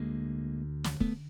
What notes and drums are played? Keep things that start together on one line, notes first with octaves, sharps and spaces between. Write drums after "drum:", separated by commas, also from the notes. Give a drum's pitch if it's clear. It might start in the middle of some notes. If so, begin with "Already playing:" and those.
Already playing: D2 D3 G#3 A#3
drum: snare
A3 B3, drum: kick